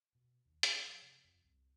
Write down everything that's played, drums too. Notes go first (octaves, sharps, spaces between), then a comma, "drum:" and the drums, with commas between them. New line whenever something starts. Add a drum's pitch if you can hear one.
B2
D#2
D1, drum: hi-hat
F3
C3
F2
C2